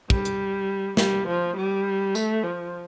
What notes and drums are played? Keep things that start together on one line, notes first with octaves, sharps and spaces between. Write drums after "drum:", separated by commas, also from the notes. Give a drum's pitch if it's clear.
G3, drum: kick
drum: hi-hat
G3, drum: snare
F3
G3
A3, drum: tambourine
F3